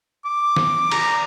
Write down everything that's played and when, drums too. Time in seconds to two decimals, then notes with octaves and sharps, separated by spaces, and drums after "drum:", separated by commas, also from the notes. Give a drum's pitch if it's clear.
0.25 D6
0.56 drum: snare
0.91 A#5, drum: cymbal